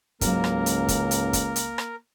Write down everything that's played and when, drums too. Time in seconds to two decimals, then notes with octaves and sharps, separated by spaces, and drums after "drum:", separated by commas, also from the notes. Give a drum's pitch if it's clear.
0.21 C#2 G#2 C#3 F#3 A#3 A#4, drum: kick, hi-hat
0.44 drum: rim click
0.66 drum: hi-hat
0.88 drum: kick, hi-hat
1.11 drum: hi-hat
1.33 drum: kick, hi-hat
1.56 drum: hi-hat
1.78 drum: rim click